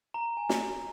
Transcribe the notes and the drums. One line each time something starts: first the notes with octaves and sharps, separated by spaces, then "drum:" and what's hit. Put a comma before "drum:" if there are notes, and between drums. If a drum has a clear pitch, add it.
A#5
G#5
drum: snare